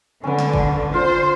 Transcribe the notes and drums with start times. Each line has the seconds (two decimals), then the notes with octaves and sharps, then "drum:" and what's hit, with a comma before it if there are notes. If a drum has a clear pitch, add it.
0.24 D3 C#4 B4
0.39 drum: snare
0.54 drum: kick
0.94 F4 C5